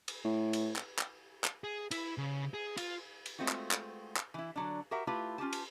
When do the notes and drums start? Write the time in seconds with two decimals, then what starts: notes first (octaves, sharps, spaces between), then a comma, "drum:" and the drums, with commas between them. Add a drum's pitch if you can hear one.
0.08 drum: cymbal
0.25 A2
0.53 drum: cymbal
0.76 drum: clap
0.99 drum: clap
1.44 drum: clap
1.64 G#4
1.91 E4, drum: cymbal
2.18 C#3
2.54 G#4
2.77 F4, drum: cymbal
3.26 drum: cymbal
3.39 G#3 A3 C4 F4 F#4
3.48 drum: clap
3.71 drum: clap
4.16 drum: clap
4.34 E3 E4
4.56 D3 F#3 D4
4.91 F#4 G4 A#4 E5 F#5
5.07 A3 E4 F4 G4 B4
5.38 C#4 F4 G4 A5
5.53 drum: cymbal